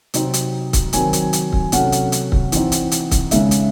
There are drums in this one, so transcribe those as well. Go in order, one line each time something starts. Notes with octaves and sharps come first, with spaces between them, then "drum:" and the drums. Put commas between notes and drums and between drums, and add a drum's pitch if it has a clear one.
C3 F#3 C4 D#4, drum: hi-hat
drum: hi-hat
drum: kick C#1, hi-hat
D#3 F#3 C4 G#5, drum: hi-hat
drum: hi-hat
drum: hi-hat
drum: kick C#1
C3 F#3 A3 C#4 F#5, drum: hi-hat
drum: hi-hat
drum: hi-hat
drum: kick C#1
E3 C4 D#4, drum: hi-hat
drum: hi-hat
drum: hi-hat
drum: kick C#1, hi-hat
C#3 G#3 D#4 E5, drum: hi-hat
drum: hi-hat